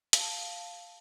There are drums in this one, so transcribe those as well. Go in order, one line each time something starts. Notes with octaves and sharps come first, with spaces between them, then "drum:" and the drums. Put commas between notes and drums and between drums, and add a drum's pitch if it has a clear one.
F5 A5, drum: hi-hat